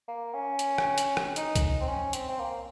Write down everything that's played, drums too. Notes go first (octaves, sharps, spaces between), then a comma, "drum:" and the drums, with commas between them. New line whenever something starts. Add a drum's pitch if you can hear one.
A#3
C#4
drum: hi-hat
drum: rim click
drum: hi-hat
drum: rim click
D#4, drum: hi-hat
drum: kick C2, hi-hat
C4
C#4
C4, drum: hi-hat
C4
A#3